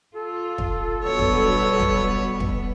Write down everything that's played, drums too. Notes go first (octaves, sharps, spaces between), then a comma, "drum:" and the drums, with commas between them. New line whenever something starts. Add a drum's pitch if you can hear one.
F4 A4
drum: kick
B2 D3 F#3 G3 B3 C#5
drum: kick
drum: kick
drum: kick